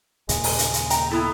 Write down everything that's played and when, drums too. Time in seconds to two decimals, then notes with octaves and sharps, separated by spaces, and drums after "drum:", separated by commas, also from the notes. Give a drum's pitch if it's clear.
0.29 D#2 A#2 C#3 G#3, drum: hi-hat
0.44 drum: open hi-hat
0.59 drum: hi-hat
0.74 drum: hi-hat
0.90 G5 A#5, drum: hi-hat
1.11 B3 E4 A4